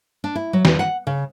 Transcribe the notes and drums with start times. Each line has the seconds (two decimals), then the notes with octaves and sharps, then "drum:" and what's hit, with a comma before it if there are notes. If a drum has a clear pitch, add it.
0.24 D4
0.35 E4
0.53 F#3
0.65 E2, drum: snare
0.79 F#5
1.07 C#3